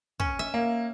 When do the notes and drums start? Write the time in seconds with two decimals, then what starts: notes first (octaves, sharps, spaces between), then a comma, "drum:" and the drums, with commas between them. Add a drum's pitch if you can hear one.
0.20 C#4, drum: kick
0.39 E5
0.54 A#3